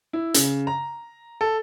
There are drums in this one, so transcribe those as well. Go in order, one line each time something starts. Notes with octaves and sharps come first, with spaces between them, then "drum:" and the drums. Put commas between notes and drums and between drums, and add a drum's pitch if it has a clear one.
E4
C#3, drum: hi-hat
A#5
A4